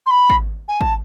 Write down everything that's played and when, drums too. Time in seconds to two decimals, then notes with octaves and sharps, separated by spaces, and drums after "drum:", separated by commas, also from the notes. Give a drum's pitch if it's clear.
0.06 C6
0.10 B5
0.30 drum: kick
0.68 G#5
0.81 A5, drum: kick